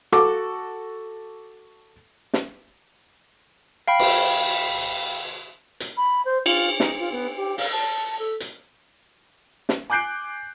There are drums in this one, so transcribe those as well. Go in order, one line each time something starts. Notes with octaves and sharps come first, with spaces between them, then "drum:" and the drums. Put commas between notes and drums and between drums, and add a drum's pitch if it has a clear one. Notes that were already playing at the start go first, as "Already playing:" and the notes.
F#4 A4 D6, drum: rim click
drum: snare
F5 G5 B5
drum: cymbal
drum: hi-hat
B5
C5
F4, drum: cymbal
D#4, drum: snare
F4
B3
G4
F5, drum: open hi-hat
A5
A4
drum: hi-hat
drum: snare
G#5 D6 F#6 G6 C7 D7